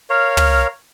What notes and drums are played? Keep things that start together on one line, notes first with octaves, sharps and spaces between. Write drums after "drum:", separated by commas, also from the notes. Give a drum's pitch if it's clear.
A#4 C#5 F5
drum: tom